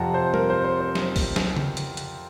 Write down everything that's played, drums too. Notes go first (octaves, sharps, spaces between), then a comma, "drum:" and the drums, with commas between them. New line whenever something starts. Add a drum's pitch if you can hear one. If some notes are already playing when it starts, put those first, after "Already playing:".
Already playing: F2 C3 F3 F#5 A5 A#5
C5
A#4, drum: tom G3
C5
C5
C5
drum: snare
drum: kick, open hi-hat
drum: snare
drum: tom C#3
drum: hi-hat
drum: hi-hat